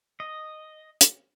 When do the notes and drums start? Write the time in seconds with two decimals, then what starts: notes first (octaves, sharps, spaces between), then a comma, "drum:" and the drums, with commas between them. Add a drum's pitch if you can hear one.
0.20 D#5
1.01 drum: hi-hat